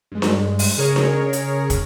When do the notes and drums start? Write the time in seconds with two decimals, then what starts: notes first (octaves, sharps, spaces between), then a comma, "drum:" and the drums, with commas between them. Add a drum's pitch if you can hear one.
0.12 G2 G#3
0.22 drum: snare D4
0.59 drum: open hi-hat
0.77 C#3 G#4 A#4 C#5
0.96 drum: snare D4
1.33 drum: hi-hat
1.70 drum: kick, hi-hat